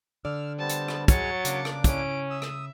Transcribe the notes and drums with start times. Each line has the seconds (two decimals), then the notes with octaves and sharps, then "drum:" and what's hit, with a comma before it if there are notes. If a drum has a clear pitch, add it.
0.25 D3 D5 E6 F6
0.59 G3 B3 C4 A5
0.69 drum: hi-hat
0.88 drum: rim click
1.08 F#3 G#3 C#5 G#5 A6 C#7, drum: kick, hi-hat
1.45 C#3 A#3 D4 D6, drum: hi-hat
1.65 drum: rim click
1.84 C#4 E4 D7, drum: kick, hi-hat
2.31 E5 D#6 E6
2.42 drum: rim click